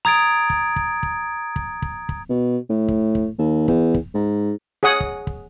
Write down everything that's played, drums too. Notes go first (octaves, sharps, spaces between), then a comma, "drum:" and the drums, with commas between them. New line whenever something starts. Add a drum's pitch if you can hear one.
A#5 D#6 G#6 A6 D7
drum: kick
drum: kick
drum: kick
drum: kick
drum: kick
drum: kick
B2
A2
drum: kick
drum: kick
D#2
E2, drum: kick
drum: kick
G#2
G#4 C#5 F#5 D#6
drum: kick
drum: kick